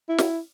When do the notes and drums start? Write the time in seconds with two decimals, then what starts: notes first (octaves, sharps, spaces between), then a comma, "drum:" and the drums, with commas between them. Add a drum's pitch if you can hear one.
0.09 E4
0.18 drum: snare